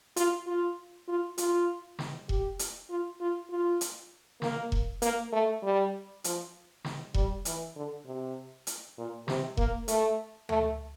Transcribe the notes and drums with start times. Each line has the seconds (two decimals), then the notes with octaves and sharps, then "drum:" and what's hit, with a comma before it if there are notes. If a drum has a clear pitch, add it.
0.16 F4, drum: hi-hat
0.47 F4
1.08 F4
1.38 F4, drum: hi-hat
1.99 drum: snare
2.29 G4, drum: kick E1
2.59 drum: hi-hat
2.90 F4
3.20 F4
3.50 F4
3.81 drum: hi-hat
4.42 A#3, drum: snare
4.72 drum: kick E1
5.02 A#3, drum: hi-hat
5.33 A3
5.63 G3
6.24 F3, drum: hi-hat
6.84 drum: snare
7.14 G3, drum: kick E1
7.45 E3, drum: hi-hat
7.76 D3
8.06 C3
8.67 drum: hi-hat
8.98 A#2
9.28 C3, drum: snare
9.57 A#3, drum: kick E1
9.88 A3, drum: hi-hat
10.49 A3, drum: tom D2